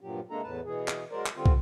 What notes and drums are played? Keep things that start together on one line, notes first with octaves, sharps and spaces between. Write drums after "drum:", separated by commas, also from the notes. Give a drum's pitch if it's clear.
G2 A#2 F3 F#3 G4
C3 G#3 A#3 D4 A4 A#5
E2 A2 B4 A5
B2 E3 G#4
drum: clap
F#3 G#3 A#4 C5 D5
drum: clap
D3 G3 C4 F4
drum: kick